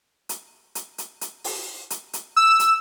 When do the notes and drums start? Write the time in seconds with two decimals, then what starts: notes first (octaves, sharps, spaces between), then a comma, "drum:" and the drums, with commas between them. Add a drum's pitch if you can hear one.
0.29 drum: hi-hat
0.75 drum: hi-hat
0.98 drum: hi-hat
1.21 drum: hi-hat
1.44 drum: open hi-hat
1.90 drum: hi-hat
2.13 drum: hi-hat
2.36 E6
2.60 drum: hi-hat